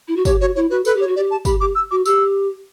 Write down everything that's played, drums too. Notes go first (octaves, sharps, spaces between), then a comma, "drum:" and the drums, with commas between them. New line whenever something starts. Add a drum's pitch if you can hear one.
E4
F#4
G4 C#5, drum: kick, tambourine
F#4 C#5
E4 C#5
F#4 B4
A4 B4, drum: tambourine
G4 C#5
F#4
G4 D5
A5
G4 B5, drum: kick, tambourine
G4 D6
E6
F#4 D6
G4 E6, drum: tambourine